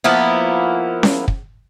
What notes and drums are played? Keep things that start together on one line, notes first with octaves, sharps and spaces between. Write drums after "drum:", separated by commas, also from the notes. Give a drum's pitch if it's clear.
F3 A#3 B3 E4
drum: snare C#4
drum: kick